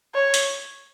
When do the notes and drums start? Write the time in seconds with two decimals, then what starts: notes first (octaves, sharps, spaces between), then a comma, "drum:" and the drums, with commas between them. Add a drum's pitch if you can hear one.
0.14 C#5
0.34 drum: hi-hat